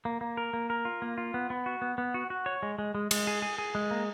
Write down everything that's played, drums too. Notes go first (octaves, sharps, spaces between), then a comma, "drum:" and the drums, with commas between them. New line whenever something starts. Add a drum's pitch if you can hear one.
A#3
A#3
A#4
A#3
A#4
F4
A#3
F4
B3
B3
F#4
B3
B3
F#4
F#4
C#5
G#3
G#3
G#3
G#3, drum: cymbal
G#4
G#4
G#4
G#3
A#3